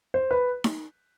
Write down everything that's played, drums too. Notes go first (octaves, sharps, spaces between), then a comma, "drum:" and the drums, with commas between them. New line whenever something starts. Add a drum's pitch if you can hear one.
C5
B4
drum: snare D#4